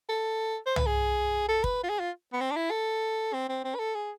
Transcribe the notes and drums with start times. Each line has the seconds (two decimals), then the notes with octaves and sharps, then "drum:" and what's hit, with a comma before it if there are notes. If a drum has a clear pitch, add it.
0.09 A4
0.66 C5
0.76 B4, drum: tom C2
0.86 G#4
1.48 A4
1.64 B4, drum: kick
1.84 F4
1.89 G#4
2.00 F4
2.33 B3
2.41 C4
2.51 D4
2.56 E4
2.71 A4
3.33 C4
3.49 C4
3.64 C4
3.75 B4
3.79 A4
3.95 G#4